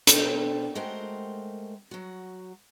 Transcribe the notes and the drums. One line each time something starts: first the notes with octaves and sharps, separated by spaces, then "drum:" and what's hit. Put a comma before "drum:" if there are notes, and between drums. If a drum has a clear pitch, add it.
B2 D4 A4 C5 G5, drum: hi-hat
G#3 A3 F#4 A#4 C5 G5
F#3 F#4